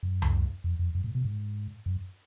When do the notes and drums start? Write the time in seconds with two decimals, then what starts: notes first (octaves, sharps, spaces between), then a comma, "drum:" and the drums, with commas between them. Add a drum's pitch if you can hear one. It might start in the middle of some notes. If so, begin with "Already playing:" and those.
0.03 F#2
0.22 drum: tom C#2
0.64 F2
0.79 F2
0.95 F#2
1.04 A2
1.15 B2
1.25 G#2
1.86 F#2